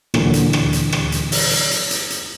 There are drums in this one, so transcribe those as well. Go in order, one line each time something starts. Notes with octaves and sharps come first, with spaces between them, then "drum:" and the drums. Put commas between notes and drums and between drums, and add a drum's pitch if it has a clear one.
A#2 D3 E3 F#3, drum: rim click
drum: hi-hat
drum: rim click
drum: hi-hat
drum: rim click
drum: hi-hat
drum: open hi-hat
drum: hi-hat
drum: hi-hat
drum: hi-hat
drum: hi-hat